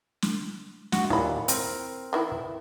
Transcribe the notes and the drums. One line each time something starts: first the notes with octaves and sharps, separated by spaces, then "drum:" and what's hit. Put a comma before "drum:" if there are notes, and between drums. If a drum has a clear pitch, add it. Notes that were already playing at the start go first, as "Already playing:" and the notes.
drum: snare
F#4, drum: snare
D#2 A#2 E4 B5
C4 A#4, drum: hi-hat
D#3 E3 E4